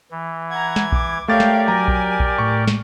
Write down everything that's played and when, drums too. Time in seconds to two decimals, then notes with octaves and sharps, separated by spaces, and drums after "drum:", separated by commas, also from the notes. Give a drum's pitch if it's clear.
0.11 E3
0.51 F#5 A#5 G#6
0.76 drum: snare
0.92 D6, drum: kick A#1
1.28 A3 G4 A#4 C#5 D5 F5 G5 A6
1.40 drum: snare
1.68 F#3 G#5 A#5 A#6
1.88 drum: kick A#1
2.20 drum: kick A#1
2.38 A2 C#6
2.68 drum: snare